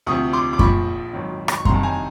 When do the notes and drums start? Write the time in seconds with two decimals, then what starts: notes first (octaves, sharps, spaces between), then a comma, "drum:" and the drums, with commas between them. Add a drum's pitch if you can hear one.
0.07 D2 C3 F3 C#6 D#6
0.33 C6 D6
0.53 D6
0.59 A#1 A#2 F3 B5 C#6, drum: kick F#2
1.13 G#1 F#2 D#3
1.48 drum: rim click
1.57 C#6
1.65 C2 C3 D#3 A#5 C6, drum: kick F#2
1.75 A5
1.83 G#5 A#5